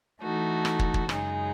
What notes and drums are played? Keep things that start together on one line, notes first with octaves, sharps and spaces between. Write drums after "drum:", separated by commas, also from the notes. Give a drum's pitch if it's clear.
E3 A3 D#4 F#4 A4
drum: rim click
drum: kick
drum: kick
F#2 C#3 G#3 D#4 G#4, drum: rim click